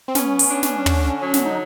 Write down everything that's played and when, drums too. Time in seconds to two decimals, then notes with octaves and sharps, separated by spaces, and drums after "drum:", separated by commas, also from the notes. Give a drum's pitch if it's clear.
0.08 C4
0.15 B3 C#4, drum: snare
0.39 drum: open hi-hat
0.51 D4
0.63 drum: snare
0.86 D3, drum: tom
1.22 F#3
1.34 drum: snare
1.45 D#4